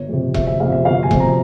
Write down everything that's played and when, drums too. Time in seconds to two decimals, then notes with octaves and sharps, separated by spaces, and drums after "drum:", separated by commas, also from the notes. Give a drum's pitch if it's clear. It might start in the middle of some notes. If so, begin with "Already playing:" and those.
Already playing: G1 C#5
0.09 F2 C3
0.34 G1 E5, drum: kick E1
0.47 E5
0.60 F2 C3 F5
0.72 E5
0.85 G1 F5
1.03 G#5
1.11 F2 C3, drum: kick E1
1.20 A#5